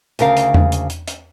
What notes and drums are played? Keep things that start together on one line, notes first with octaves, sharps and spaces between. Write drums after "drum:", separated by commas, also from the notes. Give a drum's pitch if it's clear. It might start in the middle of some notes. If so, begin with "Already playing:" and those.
D2 C#3 A#4 F5, drum: hi-hat
drum: hi-hat
drum: tom E2
drum: hi-hat
drum: hi-hat
drum: hi-hat